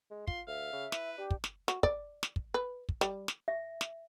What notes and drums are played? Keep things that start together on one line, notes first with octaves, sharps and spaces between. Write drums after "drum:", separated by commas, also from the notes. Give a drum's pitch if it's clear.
G#3
F4 C6, drum: kick
D2 E5 F5
C#3
E4 B4, drum: snare
D4 G4
drum: kick
drum: snare
F#4, drum: snare
D5, drum: kick
drum: snare
drum: kick
B4
drum: kick
G3, drum: snare
drum: snare
E5
drum: snare